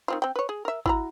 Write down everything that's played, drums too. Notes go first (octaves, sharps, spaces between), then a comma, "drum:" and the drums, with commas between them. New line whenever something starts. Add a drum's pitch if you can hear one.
D#3 C4 F4
C4 G5
B4 C#5
G#4
A#4 E5
E4 F#4 A#5, drum: kick G#1